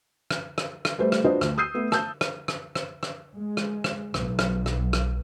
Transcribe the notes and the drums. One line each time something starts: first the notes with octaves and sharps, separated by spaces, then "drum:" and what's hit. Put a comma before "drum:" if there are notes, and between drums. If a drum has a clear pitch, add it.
drum: rim click
drum: rim click
drum: rim click
G3 A3 B4 C5
drum: rim click
D4 F4 F#4 B4 C5 D#5
D2, drum: rim click
D#6 E6 G6 C7 D#7
A3 B3
A5 E6 G6, drum: rim click
drum: rim click
drum: rim click
drum: rim click
drum: rim click
G#3
drum: rim click
drum: rim click
B1, drum: rim click
drum: rim click
drum: rim click
drum: rim click